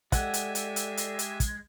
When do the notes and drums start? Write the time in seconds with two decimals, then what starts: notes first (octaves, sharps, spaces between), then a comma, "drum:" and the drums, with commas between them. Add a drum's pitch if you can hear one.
0.12 G#3 G4 A4 D5 E5 F#5 G#5, drum: kick, hi-hat
0.34 drum: hi-hat
0.55 drum: hi-hat
0.76 drum: hi-hat
0.97 drum: hi-hat
1.19 drum: hi-hat
1.40 drum: kick, hi-hat